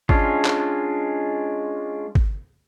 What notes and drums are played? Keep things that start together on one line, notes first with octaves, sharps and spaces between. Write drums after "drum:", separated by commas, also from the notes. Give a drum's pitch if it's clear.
G#3 C#4 D4 F4, drum: kick G#1
drum: clap
drum: kick G#1